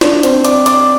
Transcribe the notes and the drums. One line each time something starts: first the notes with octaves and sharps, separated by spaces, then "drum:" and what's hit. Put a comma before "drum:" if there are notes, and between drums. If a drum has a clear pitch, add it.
D4 D5, drum: snare
C4 C5, drum: hi-hat
D5 D6, drum: hi-hat
D5 D6, drum: hi-hat